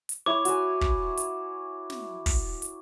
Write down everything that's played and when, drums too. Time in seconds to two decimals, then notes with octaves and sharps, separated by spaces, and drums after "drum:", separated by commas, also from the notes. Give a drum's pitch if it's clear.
0.09 drum: hi-hat
0.26 E4 C#5 D6
0.45 F#4 G#5, drum: hi-hat
0.81 drum: kick
1.17 drum: hi-hat
1.90 drum: snare
2.26 drum: kick, open hi-hat
2.62 drum: hi-hat